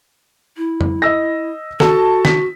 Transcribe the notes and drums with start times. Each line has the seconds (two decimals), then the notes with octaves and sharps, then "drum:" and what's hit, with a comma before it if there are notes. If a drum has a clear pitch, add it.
0.57 E4
0.81 drum: tom F2
1.02 D#5 E6 A#6
1.80 F#4 A4 A5, drum: snare
2.25 B6, drum: snare